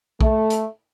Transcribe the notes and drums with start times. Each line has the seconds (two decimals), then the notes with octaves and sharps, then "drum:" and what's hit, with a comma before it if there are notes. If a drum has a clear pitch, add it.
0.21 A3, drum: kick
0.50 drum: hi-hat